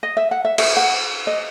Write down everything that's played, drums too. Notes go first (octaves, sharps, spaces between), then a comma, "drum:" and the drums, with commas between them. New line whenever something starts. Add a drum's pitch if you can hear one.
D#5
E5
F#5
E5
E5, drum: cymbal
F#5
D#5